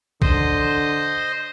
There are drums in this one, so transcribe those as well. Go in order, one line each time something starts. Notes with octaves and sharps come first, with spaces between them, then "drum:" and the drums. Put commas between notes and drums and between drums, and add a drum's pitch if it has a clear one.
D3 C5 D#5, drum: kick A#1